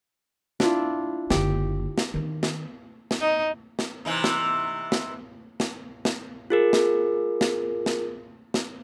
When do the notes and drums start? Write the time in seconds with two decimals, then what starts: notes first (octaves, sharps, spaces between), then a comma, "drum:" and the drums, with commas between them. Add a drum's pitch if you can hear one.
0.60 D4 E4 F4, drum: snare
1.30 F#1 D3 G4, drum: snare
1.98 drum: snare
2.14 D#3 D#4
2.43 drum: snare
3.11 drum: snare
3.21 D#4
3.79 drum: snare
4.05 C3 E3 D#4
4.24 drum: snare
4.92 drum: snare
5.60 drum: snare
6.05 drum: snare
6.50 F4 G#4 A#4
6.73 drum: snare
7.41 drum: snare
7.86 drum: snare
8.54 drum: snare